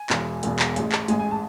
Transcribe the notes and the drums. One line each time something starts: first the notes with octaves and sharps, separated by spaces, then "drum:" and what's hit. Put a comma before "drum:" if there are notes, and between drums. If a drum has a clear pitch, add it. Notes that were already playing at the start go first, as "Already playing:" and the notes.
Already playing: G#5
E1 E2 B2, drum: clap
E1 E2 B2, drum: hi-hat
drum: clap
A1 G#2 G#3, drum: hi-hat
drum: clap
A1 G#2 G#3 G#5, drum: hi-hat
G#5
A5